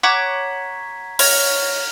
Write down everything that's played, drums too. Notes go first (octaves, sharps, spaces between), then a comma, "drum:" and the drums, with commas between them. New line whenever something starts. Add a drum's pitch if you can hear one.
C#5 F#5 A#5 D6 G#6 B6
C#5 F6, drum: open hi-hat